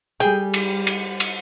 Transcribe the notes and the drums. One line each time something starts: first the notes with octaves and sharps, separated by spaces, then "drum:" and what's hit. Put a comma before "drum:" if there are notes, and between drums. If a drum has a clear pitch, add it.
G3 G#4 G5
drum: cymbal
drum: cymbal
drum: cymbal